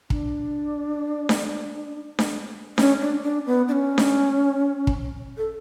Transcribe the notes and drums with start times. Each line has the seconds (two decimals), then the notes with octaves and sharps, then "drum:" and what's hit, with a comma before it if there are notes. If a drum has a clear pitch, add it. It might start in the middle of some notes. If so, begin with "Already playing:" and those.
0.10 D4, drum: kick
1.29 drum: snare D4
2.19 drum: snare D4
2.78 C#4, drum: snare D4
3.01 D4
3.23 D4
3.46 B3
3.68 D4
3.72 C#4
3.98 drum: snare D4
4.87 drum: kick
5.37 A4